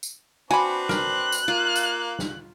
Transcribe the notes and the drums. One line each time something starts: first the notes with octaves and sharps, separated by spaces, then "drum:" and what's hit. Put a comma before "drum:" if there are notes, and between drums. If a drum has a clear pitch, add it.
drum: tambourine
C4 D4 F#4 B4 G#5 B5
A#4 F#6, drum: snare
drum: tambourine
A#3 F4
drum: tambourine
drum: snare